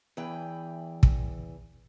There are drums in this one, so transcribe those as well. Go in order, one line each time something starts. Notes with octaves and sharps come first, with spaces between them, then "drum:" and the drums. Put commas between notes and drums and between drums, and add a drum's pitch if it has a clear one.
E2 E3 G5
drum: kick